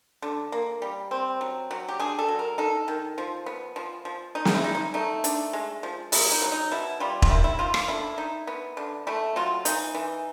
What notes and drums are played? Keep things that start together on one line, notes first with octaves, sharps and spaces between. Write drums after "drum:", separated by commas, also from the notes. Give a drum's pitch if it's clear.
D3
A#3
G3
C4
F#3
F#3
G4
D4 G#4
A4
F#3
A#4
D#4 A4
D#3
F3
B3
F3
F3
D#4
drum: snare
E4
D#4
D#4
A3 D#4
D4, drum: hi-hat
G#3
F3
A#3 E4, drum: open hi-hat
D#4
F#3
D#4
B2 E4
G3 F4
F4, drum: kick E1
D#3 E4
E4
D#3 F4
F4, drum: rim click
D3 E4
D#4
B3
D3
A3 E4
F#3 F4
E3 D#4, drum: hi-hat
E3